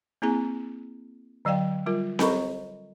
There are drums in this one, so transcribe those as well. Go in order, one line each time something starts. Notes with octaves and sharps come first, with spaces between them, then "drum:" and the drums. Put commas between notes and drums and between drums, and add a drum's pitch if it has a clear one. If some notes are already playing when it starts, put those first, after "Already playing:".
A#3 C4 E4 G#4 G#5 A#5
D3 F#3 D5 F5 G5
G3 F4 A#4
A4 A#4 D#5 A#5 B5 C#6, drum: snare C4